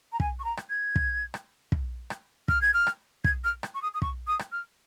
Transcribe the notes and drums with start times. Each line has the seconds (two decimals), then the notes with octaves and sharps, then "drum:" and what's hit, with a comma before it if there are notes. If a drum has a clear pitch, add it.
0.12 A#5
0.20 G#5, drum: kick
0.39 C#6
0.44 A#5
0.57 drum: rim click
0.70 G#6
0.96 drum: kick
1.34 drum: rim click
1.72 drum: kick
2.10 drum: rim click
2.48 F6, drum: kick
2.61 G#6
2.74 F6
2.87 drum: rim click
3.24 G#6, drum: kick
3.44 F6
3.63 drum: rim click
3.74 C#6
3.82 D#6
3.94 D#6
4.02 C#6, drum: kick
4.27 D#6
4.39 drum: rim click
4.52 F6